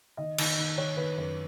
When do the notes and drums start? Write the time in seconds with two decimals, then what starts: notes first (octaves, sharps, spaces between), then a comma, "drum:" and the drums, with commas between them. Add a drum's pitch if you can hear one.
0.17 D#3 D#5
0.38 D#3, drum: cymbal
0.58 D#3
0.77 D#3 C#5
0.97 D#3 B4
1.18 F#2 B4